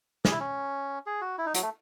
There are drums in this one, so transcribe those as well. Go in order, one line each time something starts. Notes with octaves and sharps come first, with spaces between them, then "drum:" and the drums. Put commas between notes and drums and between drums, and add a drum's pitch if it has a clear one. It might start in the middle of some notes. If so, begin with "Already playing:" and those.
G#4, drum: snare
E4
C#4
G#4
F#4
E4
D#4
F#3, drum: hi-hat
A3